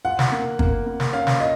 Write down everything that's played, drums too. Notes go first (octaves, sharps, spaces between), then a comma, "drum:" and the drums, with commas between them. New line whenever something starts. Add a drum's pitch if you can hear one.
F4 F#5
drum: snare
A#3
A#3, drum: kick
A#3
drum: snare
C#4 F5
drum: snare
F4 D#5